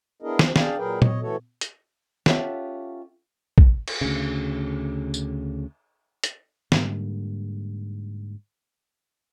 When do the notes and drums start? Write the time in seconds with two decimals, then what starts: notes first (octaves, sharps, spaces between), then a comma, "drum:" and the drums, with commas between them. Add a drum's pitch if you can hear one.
0.22 B3 D4 E4 G#4 A#4 D#5
0.39 F3, drum: snare
0.56 D4 G#4 D5 F5 G5, drum: snare
0.78 A#2 F#3 G#4 A#4 B4 G5
1.02 C#5 D#5, drum: tom A#2
1.21 E3 A3 F#4 A4 C#5
1.61 drum: hi-hat
2.26 C#4 F4 G4 A4 E5 F#5, drum: snare
3.58 drum: kick A#1
3.88 drum: cymbal
4.01 D2 C#3
5.14 drum: tambourine
6.24 drum: hi-hat
6.72 G#2 D3 G3 A#3, drum: snare